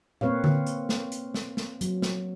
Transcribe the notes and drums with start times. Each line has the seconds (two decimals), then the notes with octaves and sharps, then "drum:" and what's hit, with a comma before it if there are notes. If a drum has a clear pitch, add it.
0.21 A#3 C4 B4 C#5 F5, drum: tom
0.44 drum: tom D3
0.66 drum: hi-hat
0.89 drum: snare
1.12 drum: hi-hat
1.34 drum: snare
1.57 drum: snare
1.81 F#3, drum: hi-hat
2.02 drum: snare